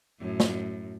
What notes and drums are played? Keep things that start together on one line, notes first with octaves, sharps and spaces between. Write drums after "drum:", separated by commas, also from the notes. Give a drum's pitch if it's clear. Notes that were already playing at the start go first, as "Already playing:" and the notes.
F#2 A2
drum: snare